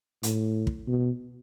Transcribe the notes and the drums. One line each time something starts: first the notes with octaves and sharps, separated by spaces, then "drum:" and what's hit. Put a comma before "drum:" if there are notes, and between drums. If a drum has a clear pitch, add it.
A2, drum: hi-hat
drum: kick
B2